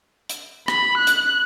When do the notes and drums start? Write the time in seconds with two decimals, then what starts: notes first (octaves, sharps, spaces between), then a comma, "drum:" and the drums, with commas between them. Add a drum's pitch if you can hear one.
0.29 drum: hi-hat
0.68 B5, drum: rim click
0.98 F#6
1.07 drum: hi-hat